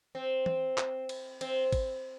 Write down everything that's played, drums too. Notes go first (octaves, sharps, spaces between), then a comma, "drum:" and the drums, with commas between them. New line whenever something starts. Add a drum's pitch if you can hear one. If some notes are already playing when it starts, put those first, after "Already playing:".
C4
drum: tom E3
drum: clap
drum: cymbal
C4, drum: cymbal
drum: kick G#1, cymbal